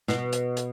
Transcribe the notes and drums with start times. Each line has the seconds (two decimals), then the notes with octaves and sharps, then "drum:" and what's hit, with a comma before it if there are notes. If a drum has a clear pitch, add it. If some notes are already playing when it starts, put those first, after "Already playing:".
0.08 B2, drum: snare
0.33 drum: hi-hat
0.57 drum: hi-hat